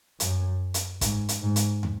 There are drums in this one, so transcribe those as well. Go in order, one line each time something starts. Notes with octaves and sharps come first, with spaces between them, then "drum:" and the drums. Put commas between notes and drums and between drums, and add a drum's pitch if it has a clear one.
F#2, drum: hi-hat
drum: hi-hat
G#2, drum: kick, hi-hat
drum: hi-hat
G#2
drum: hi-hat
drum: tom